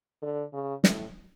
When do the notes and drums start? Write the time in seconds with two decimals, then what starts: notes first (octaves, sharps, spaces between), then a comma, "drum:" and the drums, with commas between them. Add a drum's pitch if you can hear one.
0.22 D3
0.53 C#3
0.84 A2, drum: snare